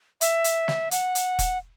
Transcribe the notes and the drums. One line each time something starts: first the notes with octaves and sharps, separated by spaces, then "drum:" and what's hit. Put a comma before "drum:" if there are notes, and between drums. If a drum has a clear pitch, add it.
E5, drum: hi-hat
drum: hi-hat
drum: snare
F#5, drum: hi-hat
drum: hi-hat
drum: kick E1, hi-hat